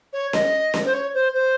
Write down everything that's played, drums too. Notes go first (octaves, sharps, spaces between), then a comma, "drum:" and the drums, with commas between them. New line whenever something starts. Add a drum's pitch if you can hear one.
C#5
D#5, drum: snare C#4
drum: snare C#4
C5
C#5
C5
C5